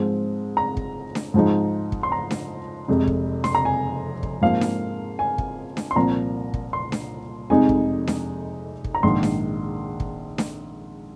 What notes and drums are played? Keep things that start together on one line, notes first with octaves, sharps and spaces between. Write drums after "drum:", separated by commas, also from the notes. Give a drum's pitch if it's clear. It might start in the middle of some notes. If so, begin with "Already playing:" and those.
Already playing: G#2 F3 G#3 C4
A#5
drum: kick
drum: snare D4
G#2 F3 G#3 D#4
drum: kick
C6
A#5
drum: snare D4
F1 F2 C3 G#3
drum: kick
C6, drum: snare D4
A#5
G#5
drum: kick
G#2 F3 A#3 F5
drum: snare D4
G#5
drum: kick
drum: snare D4
C6
C2 A#2 F3 A#3 A#5
drum: kick
C6
drum: snare D4
F1 F2 C3 G#3 D#4 G#5
drum: kick
drum: snare D4
drum: kick
A#5
A#1 G#2 D#3 C6
drum: snare D4
drum: kick
drum: snare D4